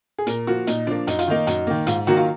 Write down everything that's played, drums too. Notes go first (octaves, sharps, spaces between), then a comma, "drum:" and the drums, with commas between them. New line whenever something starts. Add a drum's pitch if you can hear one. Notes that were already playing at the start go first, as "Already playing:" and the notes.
G#4
A#2 A#4, drum: hi-hat
F3 A#3 F#4
A#2 D#4, drum: hi-hat
F3 A#3 D4
F#2 D#4, drum: hi-hat
F4, drum: hi-hat
D#3 A#3 D#4
F#2, drum: hi-hat
D#3 A#3
G#2 F4, drum: hi-hat
D#3 F#3 A#3 F#4
F4